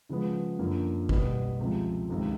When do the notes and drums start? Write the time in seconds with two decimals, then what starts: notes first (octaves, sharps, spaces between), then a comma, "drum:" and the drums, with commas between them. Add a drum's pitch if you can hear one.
0.09 C#3 F3 G#3 B3
0.59 F#2 D3 F3 A#3
1.09 B2 G3 B3, drum: kick
1.60 C#2 C3 F3
2.09 C#2 C3 D#3 G#3